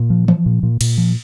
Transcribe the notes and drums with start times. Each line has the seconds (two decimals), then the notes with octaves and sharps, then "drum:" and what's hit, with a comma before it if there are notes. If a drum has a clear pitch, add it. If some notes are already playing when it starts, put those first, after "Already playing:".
Already playing: A#2
0.10 F3
0.28 F3, drum: tom E3
0.46 A#2
0.63 A#2
0.81 A#2, drum: cymbal
0.98 F3